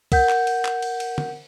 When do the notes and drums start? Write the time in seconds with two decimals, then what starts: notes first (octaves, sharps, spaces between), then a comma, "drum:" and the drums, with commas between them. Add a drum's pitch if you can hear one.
0.12 A#4 F#5 G6, drum: kick, cymbal
0.29 drum: clap
0.47 drum: cymbal
0.65 drum: clap
0.82 drum: cymbal
1.00 drum: cymbal
1.18 drum: tom